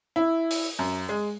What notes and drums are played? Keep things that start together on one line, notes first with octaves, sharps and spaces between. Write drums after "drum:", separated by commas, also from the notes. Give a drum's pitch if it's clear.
E4
drum: open hi-hat
F#2
G#3